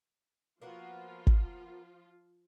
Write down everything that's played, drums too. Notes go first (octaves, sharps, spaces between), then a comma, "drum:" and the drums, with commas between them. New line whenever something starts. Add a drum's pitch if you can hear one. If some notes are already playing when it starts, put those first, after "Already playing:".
F3 A#3 B3 F4 F#4
drum: kick